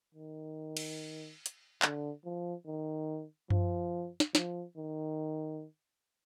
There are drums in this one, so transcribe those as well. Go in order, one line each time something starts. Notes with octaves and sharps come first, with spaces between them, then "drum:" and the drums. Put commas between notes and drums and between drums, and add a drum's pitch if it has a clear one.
D#3
drum: cymbal
drum: hi-hat
D3, drum: clap
F3
D#3
F3, drum: tom F#2
drum: snare
F3, drum: snare
D#3